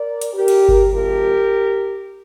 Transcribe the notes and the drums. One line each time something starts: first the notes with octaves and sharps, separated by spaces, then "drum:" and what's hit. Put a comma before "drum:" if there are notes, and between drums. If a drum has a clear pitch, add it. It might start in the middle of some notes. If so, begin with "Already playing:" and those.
Already playing: A#4 D5
drum: hi-hat
G4 A#4
drum: cymbal
drum: kick G1
F2 C3 F3 G#3 G4 A#4